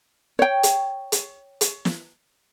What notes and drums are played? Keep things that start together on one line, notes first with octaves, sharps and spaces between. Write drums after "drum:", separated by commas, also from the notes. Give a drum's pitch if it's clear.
C#5 G5
drum: hi-hat
drum: hi-hat
drum: hi-hat
drum: snare